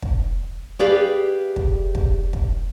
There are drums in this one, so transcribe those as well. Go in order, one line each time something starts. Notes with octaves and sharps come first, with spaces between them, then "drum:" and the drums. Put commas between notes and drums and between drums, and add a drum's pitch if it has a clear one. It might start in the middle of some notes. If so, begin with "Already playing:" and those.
drum: kick
G4 G#4 B4 D5 E5 F5
drum: kick
drum: kick
drum: kick